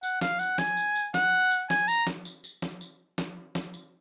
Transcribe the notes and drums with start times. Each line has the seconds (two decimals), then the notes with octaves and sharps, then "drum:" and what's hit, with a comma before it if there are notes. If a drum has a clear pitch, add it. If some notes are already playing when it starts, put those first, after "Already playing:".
0.03 F#5, drum: tambourine
0.21 F5, drum: snare
0.39 F#5, drum: tambourine
0.58 G#5, drum: snare
0.77 drum: tambourine
0.95 drum: tambourine
1.14 F#5, drum: snare
1.51 drum: tambourine
1.70 G#5, drum: snare
1.88 A#5, drum: tambourine
2.07 drum: snare
2.25 drum: tambourine
2.44 drum: tambourine
2.62 drum: snare
2.81 drum: tambourine
3.18 drum: snare
3.55 drum: snare
3.74 drum: tambourine